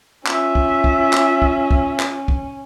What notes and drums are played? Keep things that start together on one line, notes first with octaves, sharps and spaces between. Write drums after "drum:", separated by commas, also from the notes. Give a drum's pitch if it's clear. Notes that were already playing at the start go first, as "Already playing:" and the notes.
C#4 F4 E5, drum: clap
drum: kick B1
drum: kick B1
drum: clap
drum: kick B1
drum: kick B1
drum: clap
drum: kick B1